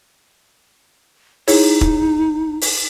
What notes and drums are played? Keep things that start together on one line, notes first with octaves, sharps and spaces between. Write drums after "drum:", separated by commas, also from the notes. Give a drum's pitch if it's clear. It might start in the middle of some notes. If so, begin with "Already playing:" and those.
D#4 E4 G#4 C#5, drum: open hi-hat
drum: kick E1
drum: open hi-hat